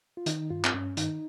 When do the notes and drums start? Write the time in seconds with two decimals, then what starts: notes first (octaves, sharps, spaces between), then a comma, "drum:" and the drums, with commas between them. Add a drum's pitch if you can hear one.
0.17 F4
0.26 D#3 D#4, drum: hi-hat
0.50 G2 F4
0.65 C4, drum: clap
0.74 G2 C#4
0.97 D#3 D#4, drum: hi-hat